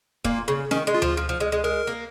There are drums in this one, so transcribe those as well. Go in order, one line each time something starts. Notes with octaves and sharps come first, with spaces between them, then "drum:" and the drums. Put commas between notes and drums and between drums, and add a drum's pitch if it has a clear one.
A#2 A#3, drum: kick
C#3
D#3 C#4, drum: snare
G#3
F4
F3, drum: tom D2
F3
F3
G#3
G#3
G#3 A#4
A#3